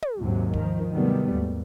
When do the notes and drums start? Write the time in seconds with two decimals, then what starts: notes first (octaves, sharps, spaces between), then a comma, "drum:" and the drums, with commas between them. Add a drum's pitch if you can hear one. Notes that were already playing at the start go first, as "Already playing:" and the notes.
0.02 drum: tom
0.19 D#2 G#2 C3 F#3
0.54 D#3 F3, drum: kick
0.92 C3 D#3 F#3 G3 A3 B3
1.32 D#2 G#2